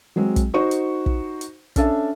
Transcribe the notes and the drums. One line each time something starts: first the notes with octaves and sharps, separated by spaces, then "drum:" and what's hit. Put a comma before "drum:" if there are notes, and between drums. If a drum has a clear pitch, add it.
F#3 G#3 C4
drum: kick, hi-hat
D#4 F#4 C5 C#6
drum: hi-hat
drum: kick
drum: hi-hat
C#4 D4 A4 E5, drum: kick, hi-hat